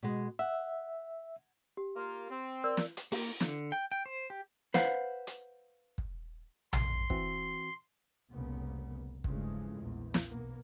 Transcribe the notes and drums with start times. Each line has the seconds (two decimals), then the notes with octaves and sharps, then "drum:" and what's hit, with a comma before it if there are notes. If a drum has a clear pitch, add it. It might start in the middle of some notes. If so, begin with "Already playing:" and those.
0.03 B2 G#3
0.39 E5 F#5
1.77 G4
1.96 A#3 F4
2.30 C4
2.64 A#4 D5 E6
2.77 drum: snare
2.97 drum: hi-hat
3.12 A#3, drum: open hi-hat
3.40 D3, drum: snare
3.72 G5
3.92 G5
4.06 C5
4.30 G4
4.74 B4 C5 F5 F#5, drum: snare
5.27 drum: hi-hat
5.98 drum: kick
6.73 C6, drum: tom A#1
7.10 E3 C4 F#4, drum: kick
8.32 F1 C2 A#2 C#3 A#3 B3
9.24 G2 C#3 E3 F3 G#3 A3, drum: kick
9.80 A#1 E2
10.14 drum: snare
10.27 B1 A#3 B3